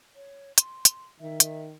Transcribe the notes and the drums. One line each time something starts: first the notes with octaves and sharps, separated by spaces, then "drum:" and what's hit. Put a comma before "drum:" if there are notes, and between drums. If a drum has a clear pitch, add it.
C#5
C6, drum: hi-hat
drum: hi-hat
D#3 E5
drum: hi-hat